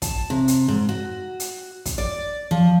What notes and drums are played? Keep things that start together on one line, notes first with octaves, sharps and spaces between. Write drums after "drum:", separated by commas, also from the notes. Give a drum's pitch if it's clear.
A5, drum: kick, hi-hat
C3
drum: hi-hat
G#2
F#4
drum: hi-hat
drum: kick, hi-hat
D5
F3